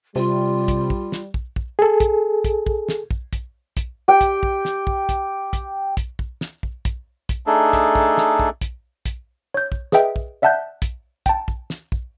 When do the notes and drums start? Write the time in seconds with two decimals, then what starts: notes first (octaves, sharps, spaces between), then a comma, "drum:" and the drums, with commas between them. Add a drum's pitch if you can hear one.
0.16 C3 G3 F4
0.68 drum: kick, hi-hat
0.90 drum: kick
1.12 drum: snare
1.34 drum: kick
1.56 drum: kick
1.79 G#4 A4
2.00 drum: kick, hi-hat
2.44 drum: kick, hi-hat
2.66 drum: kick
2.89 drum: snare
3.11 drum: kick
3.33 drum: kick, hi-hat
3.77 drum: kick, hi-hat
4.08 G4 G5
4.21 drum: kick, hi-hat
4.43 drum: kick
4.65 drum: snare
4.87 drum: kick
5.09 drum: kick, hi-hat
5.53 drum: kick, hi-hat
5.97 drum: kick, hi-hat
6.19 drum: kick
6.41 drum: snare
6.63 drum: kick
6.85 drum: kick, hi-hat
7.29 drum: kick, hi-hat
7.47 A3 D4 D#4 G#4 A4
7.73 drum: kick, hi-hat
7.95 drum: kick
8.17 drum: snare
8.39 drum: kick
8.61 drum: kick, hi-hat
9.06 drum: kick, hi-hat
9.54 C#5 G6
9.72 drum: kick
9.92 G#4 B4 D#5 E5 G5, drum: snare
10.16 drum: kick
10.42 D5 E5 F#5 A5 F#6 G6
10.82 drum: kick, hi-hat
11.26 G5 A5, drum: kick, hi-hat
11.48 drum: kick
11.70 drum: snare
11.92 drum: kick